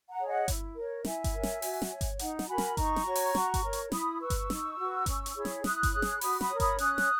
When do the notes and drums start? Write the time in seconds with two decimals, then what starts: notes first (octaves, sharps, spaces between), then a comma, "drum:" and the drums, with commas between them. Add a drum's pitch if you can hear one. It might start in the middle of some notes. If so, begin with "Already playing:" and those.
0.10 F#5 A#5
0.19 G#4 C#5
0.28 D#5 F#5
0.48 E4, drum: kick G1, hi-hat
0.76 A#4
0.81 C#5
1.05 E4 E5 G#5, drum: snare
1.24 drum: kick G1, hi-hat
1.33 A#4 C#5
1.43 drum: snare
1.62 F#4, drum: open hi-hat
1.82 drum: snare
1.91 C#5
2.01 drum: kick G1, hi-hat
2.19 D#4 F#5 A#5, drum: hi-hat
2.39 drum: snare
2.49 F#4 A#4 G#5 B5
2.58 drum: snare
2.77 D#4 A#5 C#6, drum: kick G1, hi-hat
2.96 drum: snare
3.06 F#4 C#5
3.15 drum: open hi-hat
3.35 F#4, drum: snare
3.54 drum: kick G1, hi-hat
3.63 A#4 C#5
3.73 drum: hi-hat
3.92 E4 B5 D#6, drum: snare
4.20 B4 C#6 E6
4.30 drum: kick G1, hi-hat
4.50 D#4, drum: snare
4.79 F#4 B4
5.06 C#4, drum: kick G1, hi-hat
5.26 drum: hi-hat
5.35 E4 G#4 C#5
5.45 drum: snare
5.64 E4 D#6 F#6, drum: snare
5.83 drum: kick G1, hi-hat
5.93 G#4 C#5
6.02 drum: snare
6.21 F#4 B5 D#6, drum: open hi-hat
6.41 B5 D#6, drum: snare
6.50 A#4 C#5
6.60 B5 D#6, drum: kick G1, hi-hat
6.78 C#4 D#6 F#6, drum: hi-hat
6.98 drum: snare